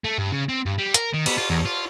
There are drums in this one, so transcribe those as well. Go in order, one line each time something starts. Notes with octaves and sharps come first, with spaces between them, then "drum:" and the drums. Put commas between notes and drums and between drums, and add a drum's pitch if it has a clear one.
A3
G2
C#3
C4
G2
G3
A#4, drum: hi-hat
D#3
B3, drum: cymbal
F4
E2
F4